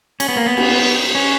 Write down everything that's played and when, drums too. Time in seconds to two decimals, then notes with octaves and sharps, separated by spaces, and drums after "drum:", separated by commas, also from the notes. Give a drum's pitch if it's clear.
0.20 C#4, drum: cymbal
0.29 B3
0.37 A#3
0.46 B3
0.57 drum: cymbal
1.15 C#4